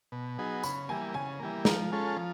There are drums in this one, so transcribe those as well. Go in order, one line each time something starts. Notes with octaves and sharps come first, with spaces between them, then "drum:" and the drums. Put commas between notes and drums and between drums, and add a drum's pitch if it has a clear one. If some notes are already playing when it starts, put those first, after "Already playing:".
B2
F#3 B3 D#4 G#4
C#3 B5, drum: tambourine
E3 G3 A#3 G#5
C#3 G#5
E3 G3 A#3
F3 A#5, drum: snare
G#3 C#4 F4 A4
F3